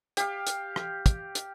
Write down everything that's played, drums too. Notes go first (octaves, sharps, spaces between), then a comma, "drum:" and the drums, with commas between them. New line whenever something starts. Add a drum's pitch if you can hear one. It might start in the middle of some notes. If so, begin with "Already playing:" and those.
G4 F5, drum: hi-hat
drum: hi-hat
drum: rim click
drum: kick, hi-hat
drum: hi-hat